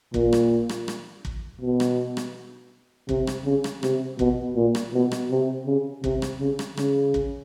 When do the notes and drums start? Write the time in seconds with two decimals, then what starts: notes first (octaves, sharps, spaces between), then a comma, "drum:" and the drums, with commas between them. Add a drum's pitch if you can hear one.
0.14 A#2, drum: kick
0.33 drum: rim click
0.69 drum: rim click
0.88 drum: rim click
1.25 drum: kick
1.61 B2
1.80 drum: rim click
2.17 drum: rim click
3.09 C3, drum: kick
3.27 drum: rim click
3.45 C#3
3.64 drum: rim click
3.83 C3, drum: rim click
4.19 B2, drum: kick
4.56 A#2
4.75 drum: rim click
4.94 B2
5.11 drum: rim click
5.31 C3
5.66 C#3
6.04 C3, drum: kick
6.22 drum: rim click
6.40 C#3
6.59 drum: rim click
6.77 C#3, drum: rim click
7.14 drum: kick